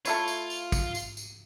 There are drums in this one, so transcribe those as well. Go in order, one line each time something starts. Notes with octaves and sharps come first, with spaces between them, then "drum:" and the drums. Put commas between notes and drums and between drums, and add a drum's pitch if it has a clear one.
A3 E4 F4 C#5, drum: tambourine
drum: tambourine
drum: tambourine
drum: kick, tambourine
drum: tambourine
drum: tambourine